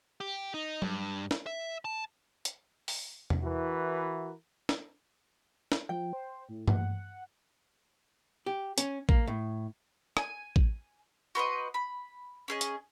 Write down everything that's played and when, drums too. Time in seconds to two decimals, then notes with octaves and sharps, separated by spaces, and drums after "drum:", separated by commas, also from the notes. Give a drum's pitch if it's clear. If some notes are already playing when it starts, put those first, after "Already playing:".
0.20 G4
0.54 D#4
0.82 G2, drum: tom F#3
1.31 drum: snare
1.46 E5
1.85 A5
2.45 drum: hi-hat
2.88 drum: open hi-hat
3.30 drum: tom E2
3.42 E3 E4 F#4 A#4 B4
4.69 drum: snare
5.72 drum: snare
5.89 F3 G5
6.13 C5
6.49 A2
6.68 F#5, drum: tom G2
8.46 G4
8.78 C#4, drum: hi-hat
9.09 A#3, drum: kick A1
9.27 A2
10.17 G#5, drum: rim click
10.56 drum: kick A1
11.35 F#4 B4 C5 D#5
11.74 B5
12.48 C#4 G#4 D#5
12.61 drum: hi-hat